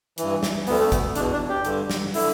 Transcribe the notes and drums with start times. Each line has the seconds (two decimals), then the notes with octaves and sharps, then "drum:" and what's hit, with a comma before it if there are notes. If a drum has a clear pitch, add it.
0.18 G2 E3, drum: hi-hat
0.43 drum: snare
0.67 D2 D3 B3, drum: open hi-hat
0.80 A3
0.92 B3, drum: kick, hi-hat
1.16 E2 B2 D4, drum: hi-hat
1.33 D4
1.49 G4
1.65 G2 D3, drum: hi-hat
1.90 drum: snare
2.14 D3 E4, drum: open hi-hat